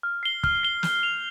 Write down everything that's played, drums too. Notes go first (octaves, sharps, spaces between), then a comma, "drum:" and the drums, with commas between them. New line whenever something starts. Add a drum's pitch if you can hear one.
F6
C7 G7
F6, drum: kick
C7 G7
G6, drum: snare
F7